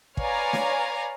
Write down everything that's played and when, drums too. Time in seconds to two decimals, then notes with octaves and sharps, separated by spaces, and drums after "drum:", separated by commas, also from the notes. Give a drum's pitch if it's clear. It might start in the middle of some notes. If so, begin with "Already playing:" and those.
0.17 B4 C#5 D5 F5 G#5 A#5, drum: kick
0.53 drum: snare